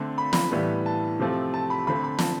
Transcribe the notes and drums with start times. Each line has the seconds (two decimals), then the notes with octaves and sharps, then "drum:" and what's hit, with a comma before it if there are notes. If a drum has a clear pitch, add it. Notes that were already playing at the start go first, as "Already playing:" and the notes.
Already playing: D3 A3 C4
0.18 B5
0.33 B5, drum: snare
0.51 A2 E3 G3 B3
0.86 A5
1.20 C3 F3 A3 C4
1.54 A5
1.70 B5
1.87 D3 A3 C4 B5
2.04 B5
2.19 A5, drum: snare